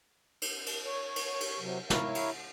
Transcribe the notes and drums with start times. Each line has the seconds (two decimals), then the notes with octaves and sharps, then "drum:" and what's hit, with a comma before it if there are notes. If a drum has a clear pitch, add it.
0.42 drum: cymbal
0.66 drum: cymbal
0.85 C#5
1.16 drum: cymbal
1.41 drum: cymbal
1.59 C3 F#3
1.90 E4 A#4 C#5 E5 F5, drum: snare
2.15 drum: cymbal